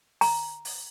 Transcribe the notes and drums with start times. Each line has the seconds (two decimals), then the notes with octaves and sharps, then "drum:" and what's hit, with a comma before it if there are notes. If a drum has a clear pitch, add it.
0.21 A#5, drum: open hi-hat
0.65 drum: open hi-hat